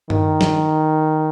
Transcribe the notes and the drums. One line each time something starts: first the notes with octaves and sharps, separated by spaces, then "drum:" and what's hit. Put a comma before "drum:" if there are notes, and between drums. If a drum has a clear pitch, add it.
D#3, drum: tom G2
drum: snare